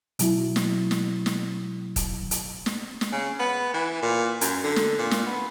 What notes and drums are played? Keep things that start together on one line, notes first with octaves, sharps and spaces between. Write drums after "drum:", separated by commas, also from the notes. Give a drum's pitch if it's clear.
B2 F#3 E4, drum: hi-hat
drum: snare
drum: snare
drum: snare
drum: kick, hi-hat
drum: hi-hat
drum: snare
drum: snare
C#3
B3
E3
A#2
F#2, drum: hi-hat
D3
drum: snare
A#2
drum: snare
B3